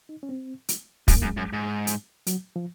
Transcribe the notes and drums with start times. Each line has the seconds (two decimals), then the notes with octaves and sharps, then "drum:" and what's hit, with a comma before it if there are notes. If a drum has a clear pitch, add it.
0.09 D#4
0.23 C#4
0.29 C4
0.69 drum: hi-hat
1.08 F#2 G#3, drum: kick, open hi-hat
1.16 A#3
1.22 F#2 G#3
1.37 F#2
1.53 G#2
1.87 drum: hi-hat
2.27 F#3, drum: hi-hat
2.56 F3